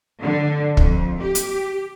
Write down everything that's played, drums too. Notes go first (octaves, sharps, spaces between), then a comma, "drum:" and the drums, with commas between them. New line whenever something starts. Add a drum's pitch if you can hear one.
D3
F2, drum: kick
G4
drum: hi-hat